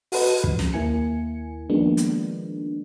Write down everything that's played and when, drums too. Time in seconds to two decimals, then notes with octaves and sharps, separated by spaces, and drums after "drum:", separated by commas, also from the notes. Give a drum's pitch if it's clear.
0.12 F#4 A4 B4 D#5, drum: open hi-hat
0.44 F3, drum: kick
0.59 drum: snare
0.73 D#2 A#3 E4 G#5 C#7
1.70 D#3 F3 G#3 A#3 B3 D4
1.97 drum: hi-hat